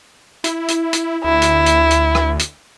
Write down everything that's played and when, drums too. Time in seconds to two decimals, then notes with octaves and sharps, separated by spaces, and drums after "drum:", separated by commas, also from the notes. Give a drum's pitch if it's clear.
0.44 E4, drum: hi-hat
0.68 drum: hi-hat
0.93 drum: hi-hat
1.25 D2 E4
1.42 drum: hi-hat
1.66 drum: hi-hat
1.90 drum: hi-hat
2.15 drum: rim click
2.39 drum: hi-hat